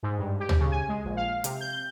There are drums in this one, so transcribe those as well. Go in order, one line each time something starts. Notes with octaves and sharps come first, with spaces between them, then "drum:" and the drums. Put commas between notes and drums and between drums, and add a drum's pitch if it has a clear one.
G#2
G2
G4
drum: tom
C#3
G#5
G#3
A#1
F5
C3, drum: hi-hat
G6